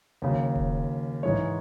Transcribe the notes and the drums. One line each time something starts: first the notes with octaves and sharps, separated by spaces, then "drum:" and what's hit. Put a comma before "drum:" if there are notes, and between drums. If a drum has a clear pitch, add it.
D#2 C#3 F#3
drum: kick E1
G#2 E3 G#3 C#5